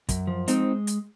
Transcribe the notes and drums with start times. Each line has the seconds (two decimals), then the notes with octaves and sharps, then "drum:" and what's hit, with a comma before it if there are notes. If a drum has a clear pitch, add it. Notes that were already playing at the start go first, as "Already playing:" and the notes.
0.09 F#2, drum: kick, hi-hat
0.27 F3
0.48 G#3 C4 D#4, drum: hi-hat
0.87 drum: hi-hat